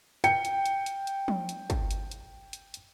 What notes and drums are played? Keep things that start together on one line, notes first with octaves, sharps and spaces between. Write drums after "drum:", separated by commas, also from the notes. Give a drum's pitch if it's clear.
G5 C#7, drum: hi-hat
drum: hi-hat
drum: hi-hat
drum: hi-hat
drum: hi-hat
drum: tom F3
drum: hi-hat
drum: kick, hi-hat
drum: hi-hat
drum: hi-hat
drum: hi-hat
drum: hi-hat